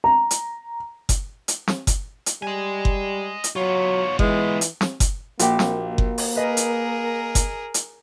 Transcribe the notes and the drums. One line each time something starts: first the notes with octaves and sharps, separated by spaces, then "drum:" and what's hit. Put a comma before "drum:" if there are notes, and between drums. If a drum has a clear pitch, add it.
A#5
drum: hi-hat
drum: kick F#1, hi-hat
drum: hi-hat
drum: snare
drum: kick F#1, hi-hat
drum: hi-hat
G3 D#5 G#5
drum: kick F#1
drum: hi-hat
F#3 B3 F4 C#5
E3 G#3, drum: kick F#1
drum: hi-hat
drum: snare
drum: kick F#1, hi-hat
A#1 A#3 F#4 G4, drum: hi-hat
drum: snare
drum: kick F#1
drum: open hi-hat
G#4 A#4 B4 D#5
drum: hi-hat
drum: kick F#1, hi-hat
drum: hi-hat